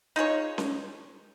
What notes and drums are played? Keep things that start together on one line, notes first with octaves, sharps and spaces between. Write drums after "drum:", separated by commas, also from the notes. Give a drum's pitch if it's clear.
D#4 F4 G#4 C#5
drum: snare C#4